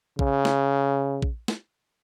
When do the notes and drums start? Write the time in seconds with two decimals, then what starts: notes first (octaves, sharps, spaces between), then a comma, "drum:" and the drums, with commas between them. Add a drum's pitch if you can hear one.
0.19 C#3, drum: kick
0.45 drum: snare
1.22 drum: kick
1.48 drum: snare